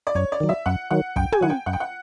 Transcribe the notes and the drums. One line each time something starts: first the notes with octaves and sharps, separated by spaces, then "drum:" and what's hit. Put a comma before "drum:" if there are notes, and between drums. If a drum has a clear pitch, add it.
D5
F#2 C#5
D5
D#3 F#3
E5
F#2 F#5
D#3 F#3 F#5
F#2 G5, drum: kick
G#5, drum: tom
D#3 F#3 F#5
G5
F#2 F#5
G5
F#5